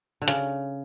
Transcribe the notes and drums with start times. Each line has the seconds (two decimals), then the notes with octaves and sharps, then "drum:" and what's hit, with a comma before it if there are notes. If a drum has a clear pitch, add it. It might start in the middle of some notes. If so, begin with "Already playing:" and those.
0.22 D3
0.28 C#3, drum: hi-hat